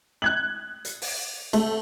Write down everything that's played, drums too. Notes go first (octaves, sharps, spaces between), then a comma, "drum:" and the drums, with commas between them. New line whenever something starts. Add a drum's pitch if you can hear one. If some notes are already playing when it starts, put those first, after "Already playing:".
F#6 G#6 F#7
drum: hi-hat
drum: open hi-hat
A3, drum: cymbal